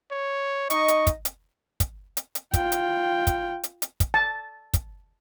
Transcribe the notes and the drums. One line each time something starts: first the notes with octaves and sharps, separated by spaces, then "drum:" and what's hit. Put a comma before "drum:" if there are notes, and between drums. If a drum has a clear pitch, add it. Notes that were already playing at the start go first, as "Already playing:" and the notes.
C#5
D#4 D#5 C#6, drum: hi-hat
drum: hi-hat
drum: kick, hi-hat
drum: hi-hat
drum: kick, hi-hat
drum: hi-hat
drum: hi-hat
F4 G5, drum: kick, hi-hat
drum: hi-hat
drum: kick, hi-hat
drum: hi-hat
drum: hi-hat
drum: kick, hi-hat
A5
drum: kick, hi-hat